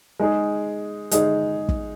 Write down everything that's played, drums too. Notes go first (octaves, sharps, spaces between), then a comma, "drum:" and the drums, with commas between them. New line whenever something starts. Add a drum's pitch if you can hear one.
G#3 D#4 G#4
G#3 D#4 G#4, drum: hi-hat
drum: kick